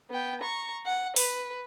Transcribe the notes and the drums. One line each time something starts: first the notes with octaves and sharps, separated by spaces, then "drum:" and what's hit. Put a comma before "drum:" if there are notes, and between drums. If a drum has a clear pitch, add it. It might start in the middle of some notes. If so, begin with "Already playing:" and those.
B3 G5
A#5 C#6
F#5
B4, drum: open hi-hat